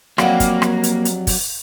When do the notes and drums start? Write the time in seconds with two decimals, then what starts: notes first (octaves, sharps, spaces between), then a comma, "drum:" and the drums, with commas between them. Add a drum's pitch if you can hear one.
0.18 F2 F#3 G3 A#3 F5 F#5, drum: rim click
0.40 drum: kick, hi-hat
0.62 drum: rim click
0.83 drum: hi-hat
1.05 drum: hi-hat
1.27 drum: kick, open hi-hat